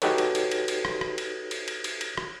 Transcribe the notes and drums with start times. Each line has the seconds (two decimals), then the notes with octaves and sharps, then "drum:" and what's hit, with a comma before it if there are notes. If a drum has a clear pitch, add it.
0.02 D#4 F#4 G4 A4 B4 C#5, drum: cymbal
0.18 drum: cymbal
0.35 drum: cymbal
0.51 drum: cymbal
0.68 drum: cymbal
0.85 drum: rim click
1.01 drum: rim click
1.18 drum: cymbal
1.51 drum: cymbal
1.68 drum: cymbal
1.84 drum: cymbal
2.01 drum: cymbal
2.17 drum: rim click